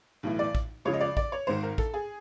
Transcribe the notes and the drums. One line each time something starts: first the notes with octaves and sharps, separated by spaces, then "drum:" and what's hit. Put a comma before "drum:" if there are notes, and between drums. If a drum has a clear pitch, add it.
B1 A2 E3
D5
drum: kick
C#2 C#3 F3 C#5
D#5
D5
D5, drum: kick
C#5
G#1 G#2 D#3 C5
A#4
A4, drum: kick
G#4